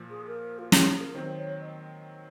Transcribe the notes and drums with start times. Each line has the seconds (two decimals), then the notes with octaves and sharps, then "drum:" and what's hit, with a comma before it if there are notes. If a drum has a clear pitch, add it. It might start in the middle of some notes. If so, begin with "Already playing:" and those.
Already playing: A#2 F3 A#3
0.10 G#4
0.27 A#4
0.58 F4
0.72 F#4, drum: snare
0.86 G#4
1.00 A#4
1.14 D#3 F#3 C4 C5
1.37 C#5
1.60 D#5